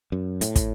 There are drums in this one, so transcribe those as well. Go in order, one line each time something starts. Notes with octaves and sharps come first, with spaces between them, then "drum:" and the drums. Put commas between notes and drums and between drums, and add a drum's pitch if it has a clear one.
F#2
A2, drum: hi-hat
drum: kick, hi-hat